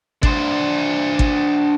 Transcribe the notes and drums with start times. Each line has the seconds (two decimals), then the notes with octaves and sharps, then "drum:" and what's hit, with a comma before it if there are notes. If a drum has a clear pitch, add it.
0.23 D4 C5, drum: kick
1.19 drum: kick